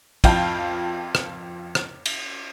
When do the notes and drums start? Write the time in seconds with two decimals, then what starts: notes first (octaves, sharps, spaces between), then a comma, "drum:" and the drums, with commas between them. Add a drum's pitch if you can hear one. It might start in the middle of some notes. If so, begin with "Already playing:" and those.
0.24 F2 F3 F5 G5 A5, drum: kick, cymbal
1.15 drum: rim click
1.75 drum: rim click
2.06 drum: cymbal